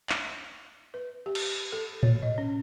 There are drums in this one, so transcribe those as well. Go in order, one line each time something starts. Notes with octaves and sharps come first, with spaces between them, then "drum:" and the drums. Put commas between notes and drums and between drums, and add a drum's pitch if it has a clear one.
drum: clap
B4
G4
drum: cymbal
A4
C#5, drum: tom A2
D#5
C#4